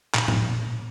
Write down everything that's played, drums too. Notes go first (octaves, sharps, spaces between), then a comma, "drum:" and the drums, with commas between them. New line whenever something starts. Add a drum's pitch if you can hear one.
A#2, drum: clap
drum: tom A2
A#2